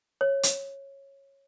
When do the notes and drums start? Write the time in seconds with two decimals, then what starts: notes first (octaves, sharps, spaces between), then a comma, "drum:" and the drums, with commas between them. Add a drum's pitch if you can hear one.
0.21 C#5
0.43 drum: hi-hat